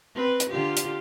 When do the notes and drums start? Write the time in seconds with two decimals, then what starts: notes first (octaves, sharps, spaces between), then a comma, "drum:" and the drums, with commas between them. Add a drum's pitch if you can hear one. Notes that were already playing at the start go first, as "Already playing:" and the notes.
0.15 C4 B4
0.40 drum: hi-hat
0.50 D3 F4 G4
0.77 drum: hi-hat